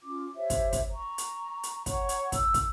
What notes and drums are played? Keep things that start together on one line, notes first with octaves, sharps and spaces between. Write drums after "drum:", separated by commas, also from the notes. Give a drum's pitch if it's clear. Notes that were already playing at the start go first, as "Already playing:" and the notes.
C#4 F4 D6
G4 C5 C#5 E5
drum: kick, hi-hat
drum: kick, hi-hat
A#5 C#6
drum: hi-hat
drum: hi-hat
C#5 F#5 A#5 C#6, drum: kick, hi-hat
drum: hi-hat
E6, drum: kick, hi-hat
drum: kick, hi-hat